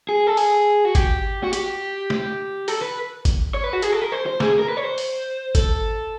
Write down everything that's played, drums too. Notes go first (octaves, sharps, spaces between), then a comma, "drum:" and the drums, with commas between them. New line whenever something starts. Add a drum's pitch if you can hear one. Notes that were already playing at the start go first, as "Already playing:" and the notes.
G#4
A4
G#4, drum: open hi-hat
F#4
G4, drum: kick G1, hi-hat
F#4
G4, drum: hi-hat
drum: snare
A4, drum: open hi-hat
B4
drum: kick G1, hi-hat
C#5
B4
F#4
G#4, drum: hi-hat
A4
A#4
C5
C5
G#4, drum: snare
A#4
B4
C#5
C5
drum: open hi-hat
A4, drum: kick G1, hi-hat